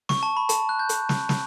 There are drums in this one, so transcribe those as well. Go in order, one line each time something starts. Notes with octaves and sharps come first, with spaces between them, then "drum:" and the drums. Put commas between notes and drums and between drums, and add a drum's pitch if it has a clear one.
C#6, drum: snare
A5
B5
A5, drum: hi-hat
F#6
G6
drum: hi-hat
drum: snare
drum: snare